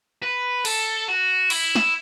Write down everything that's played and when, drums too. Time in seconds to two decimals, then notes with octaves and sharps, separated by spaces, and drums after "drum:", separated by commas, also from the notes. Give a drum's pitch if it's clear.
0.23 B4
0.65 A4, drum: cymbal
1.08 F#4
1.50 E4, drum: cymbal
1.75 drum: snare